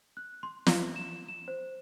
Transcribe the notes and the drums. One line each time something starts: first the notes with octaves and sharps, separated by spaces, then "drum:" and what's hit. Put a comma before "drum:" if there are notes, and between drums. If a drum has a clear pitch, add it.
F#6
C6
drum: snare
E7
E7
C5